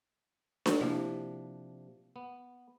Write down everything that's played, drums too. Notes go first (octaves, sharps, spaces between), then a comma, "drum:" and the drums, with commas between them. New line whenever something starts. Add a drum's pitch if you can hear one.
drum: snare D4
C3 F3 A#3 D4 E4 G4
B3